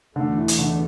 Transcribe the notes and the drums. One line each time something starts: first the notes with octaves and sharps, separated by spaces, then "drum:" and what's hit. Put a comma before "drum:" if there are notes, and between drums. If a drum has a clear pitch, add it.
E2 B2 D3 A3
E3
drum: hi-hat
D3